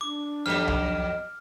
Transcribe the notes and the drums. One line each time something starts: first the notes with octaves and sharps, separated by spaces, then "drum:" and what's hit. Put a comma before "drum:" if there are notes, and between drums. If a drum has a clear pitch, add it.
D4 D6
F2 D#3 F#3 G3 D#5 F6
drum: tom C2